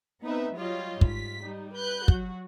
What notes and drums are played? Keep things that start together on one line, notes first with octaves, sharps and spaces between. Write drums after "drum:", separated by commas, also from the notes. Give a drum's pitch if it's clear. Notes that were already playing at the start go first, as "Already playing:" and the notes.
B3 C4 D#4 B4 E5
F#3 G3 F4 C#5 D#5
G#2 F4 B6, drum: kick
G3 D#4
B4 F#6 G6
F#3 F#4, drum: kick